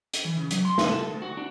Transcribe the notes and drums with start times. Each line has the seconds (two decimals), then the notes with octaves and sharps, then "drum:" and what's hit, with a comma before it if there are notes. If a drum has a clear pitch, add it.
0.14 drum: hi-hat
0.25 E3
0.37 C#3
0.51 F#3, drum: hi-hat
0.65 C6
0.78 C3, drum: snare
0.90 A4
1.10 D2
1.22 F#4
1.37 D4